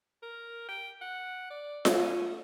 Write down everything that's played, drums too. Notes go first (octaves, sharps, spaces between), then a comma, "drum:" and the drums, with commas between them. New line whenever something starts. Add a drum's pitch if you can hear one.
A#4
G5
F#5
D5
E4, drum: snare F4
C#4
A3